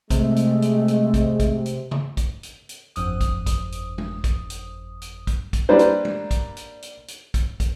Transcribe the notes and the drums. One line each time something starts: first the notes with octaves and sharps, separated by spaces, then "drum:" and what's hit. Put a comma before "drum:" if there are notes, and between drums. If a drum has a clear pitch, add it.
C3 G#3 A3, drum: kick, hi-hat
drum: hi-hat
drum: hi-hat
drum: hi-hat
drum: kick, hi-hat
drum: kick, hi-hat
drum: hi-hat
drum: tom C#3
drum: kick, hi-hat
drum: hi-hat
drum: hi-hat
G1 F2 D#6, drum: hi-hat
drum: kick, hi-hat
drum: kick, hi-hat
drum: hi-hat
drum: tom
drum: kick, hi-hat
drum: hi-hat
drum: hi-hat
drum: kick, hi-hat
drum: kick, hi-hat
G3 A#3 D4 B4 C5
drum: hi-hat
drum: tom
drum: kick, hi-hat
drum: hi-hat
drum: hi-hat
drum: hi-hat
drum: kick, hi-hat
drum: kick, hi-hat